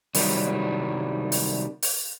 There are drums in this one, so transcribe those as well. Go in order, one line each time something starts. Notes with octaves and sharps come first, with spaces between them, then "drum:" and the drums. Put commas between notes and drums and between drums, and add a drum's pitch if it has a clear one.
C2 D#3 F#3 G3, drum: open hi-hat
drum: open hi-hat
drum: open hi-hat